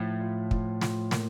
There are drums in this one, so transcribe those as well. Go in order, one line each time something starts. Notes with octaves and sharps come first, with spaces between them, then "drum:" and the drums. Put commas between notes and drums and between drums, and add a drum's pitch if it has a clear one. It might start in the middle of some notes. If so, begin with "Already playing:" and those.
Already playing: A2 F3
F4
F4, drum: kick
F4, drum: snare
A#3, drum: snare